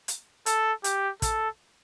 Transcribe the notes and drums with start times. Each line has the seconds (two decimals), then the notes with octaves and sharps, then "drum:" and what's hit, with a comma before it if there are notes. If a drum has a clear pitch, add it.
0.08 drum: hi-hat
0.46 A4, drum: hi-hat
0.84 G4, drum: hi-hat
1.22 A4, drum: kick, hi-hat